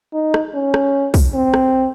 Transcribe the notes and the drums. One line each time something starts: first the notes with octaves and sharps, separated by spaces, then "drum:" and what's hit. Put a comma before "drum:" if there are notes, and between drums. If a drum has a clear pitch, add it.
D#4
drum: rim click
C#4
drum: rim click
drum: kick, open hi-hat
C4
drum: rim click